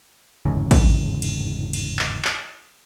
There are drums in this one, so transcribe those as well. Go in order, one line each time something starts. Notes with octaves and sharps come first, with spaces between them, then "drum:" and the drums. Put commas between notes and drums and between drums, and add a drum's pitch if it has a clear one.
G1 E2 G#2 C#3
drum: kick, cymbal
drum: cymbal
drum: cymbal
drum: clap
drum: clap